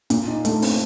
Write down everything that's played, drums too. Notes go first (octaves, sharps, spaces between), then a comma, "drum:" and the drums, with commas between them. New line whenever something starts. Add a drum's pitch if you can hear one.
A#2, drum: hi-hat
D#4
A3, drum: hi-hat
C4, drum: open hi-hat